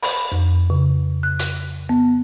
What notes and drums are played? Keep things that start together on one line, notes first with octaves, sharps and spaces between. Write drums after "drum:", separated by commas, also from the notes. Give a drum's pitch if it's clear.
B5, drum: open hi-hat
F2
C#3
F#6
drum: hi-hat
B3